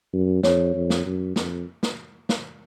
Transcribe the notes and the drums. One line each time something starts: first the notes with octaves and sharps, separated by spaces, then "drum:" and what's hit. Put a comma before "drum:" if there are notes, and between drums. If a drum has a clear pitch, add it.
F#2
F2 C#5, drum: snare
F2
drum: snare
F#2
F2, drum: snare
drum: snare
drum: snare